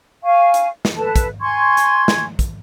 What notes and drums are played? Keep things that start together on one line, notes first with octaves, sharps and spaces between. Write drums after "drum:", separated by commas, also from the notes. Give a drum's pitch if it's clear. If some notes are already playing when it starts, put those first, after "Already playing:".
F5 G#5 C#6
drum: hi-hat
drum: snare
A4 B4 A5
drum: kick, hi-hat
G#5 C6 C#6 G#6
drum: hi-hat
drum: snare
drum: kick, hi-hat